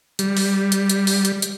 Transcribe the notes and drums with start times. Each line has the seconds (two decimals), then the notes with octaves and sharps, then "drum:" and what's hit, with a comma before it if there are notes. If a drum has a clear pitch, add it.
0.19 G3, drum: hi-hat
0.37 drum: open hi-hat
0.72 drum: hi-hat
0.89 drum: hi-hat
1.07 drum: open hi-hat
1.25 drum: hi-hat
1.42 drum: hi-hat